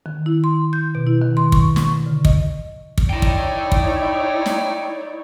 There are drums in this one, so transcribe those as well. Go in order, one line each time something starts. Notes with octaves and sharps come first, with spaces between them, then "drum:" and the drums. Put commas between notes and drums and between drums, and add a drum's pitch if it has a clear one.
D#3
E4
C6
G6
B2
E4
D#3
C6
C#6, drum: kick
C#6, drum: snare
D3
D#5, drum: kick
drum: kick
D#4 E4 C#5 D5 G5 A#5
drum: kick
drum: kick
drum: snare